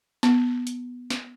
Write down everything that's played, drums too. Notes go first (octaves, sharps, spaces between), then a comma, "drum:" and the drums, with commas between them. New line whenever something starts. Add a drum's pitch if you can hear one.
B3, drum: snare
drum: hi-hat
drum: snare